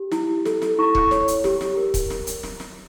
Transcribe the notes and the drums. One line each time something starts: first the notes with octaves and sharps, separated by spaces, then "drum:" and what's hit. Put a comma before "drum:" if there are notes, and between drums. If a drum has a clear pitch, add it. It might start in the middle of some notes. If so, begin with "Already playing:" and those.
Already playing: G4
E4, drum: snare
A4, drum: snare
drum: snare
E4 C#6
drum: kick C#1
C#5, drum: snare
drum: hi-hat
G4, drum: snare
drum: snare
A#4
drum: kick C#1, hi-hat
drum: snare
drum: hi-hat
drum: snare
drum: snare